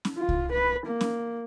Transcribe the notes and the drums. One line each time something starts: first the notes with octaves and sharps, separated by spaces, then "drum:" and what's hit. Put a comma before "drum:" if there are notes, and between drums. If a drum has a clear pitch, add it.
drum: snare C#4
F4
drum: kick C2
B4
A#3
drum: snare C#4